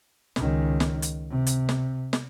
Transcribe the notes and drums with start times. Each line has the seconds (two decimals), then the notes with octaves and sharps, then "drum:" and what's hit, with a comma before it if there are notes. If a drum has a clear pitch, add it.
0.36 C#2 D#3, drum: snare
0.80 drum: snare
1.02 drum: hi-hat
1.30 C3
1.47 drum: hi-hat
1.69 drum: snare
2.13 drum: snare